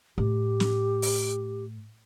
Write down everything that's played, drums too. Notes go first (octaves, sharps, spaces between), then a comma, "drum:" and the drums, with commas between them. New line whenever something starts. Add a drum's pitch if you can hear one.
A2 G4
drum: snare
drum: open hi-hat